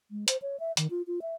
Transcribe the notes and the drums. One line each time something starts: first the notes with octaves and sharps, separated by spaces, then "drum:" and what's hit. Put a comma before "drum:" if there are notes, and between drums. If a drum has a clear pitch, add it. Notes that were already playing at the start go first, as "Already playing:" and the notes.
G#3
C5, drum: hi-hat
C#5
E5
D#3, drum: hi-hat
F4
F4
E5